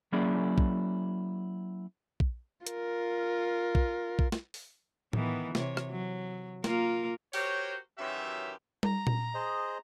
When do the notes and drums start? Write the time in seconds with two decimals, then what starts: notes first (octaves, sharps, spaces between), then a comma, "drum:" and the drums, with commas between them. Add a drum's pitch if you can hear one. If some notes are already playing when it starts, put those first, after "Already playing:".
0.12 F#3 A#3 C#4 E4 G#4 D5
0.58 drum: kick A#1
2.20 drum: kick A#1
2.67 F4 A#4, drum: hi-hat
3.75 drum: kick A#1
4.19 drum: kick A#1
4.32 drum: snare
4.54 drum: open hi-hat
5.13 D#3 E3 B3, drum: tom A2
5.55 C3 C#5, drum: snare
5.77 drum: rim click
5.90 F#3
6.64 A#3 F4 A#4, drum: snare
7.33 F#4 G4 A#4 C5 C#5, drum: open hi-hat
7.98 F#2 D#3 E3 F#3 G4 E5
8.83 A#5, drum: tom G3
9.07 drum: tom A#2
9.34 G#4 C5 D#5